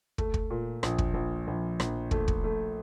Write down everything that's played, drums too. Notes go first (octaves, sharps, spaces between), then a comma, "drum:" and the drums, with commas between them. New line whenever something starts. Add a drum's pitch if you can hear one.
A3, drum: kick
drum: kick
A#2
A#1, drum: rim click
drum: kick
A#1
A#1
A#1, drum: rim click
A3, drum: kick
drum: kick
A3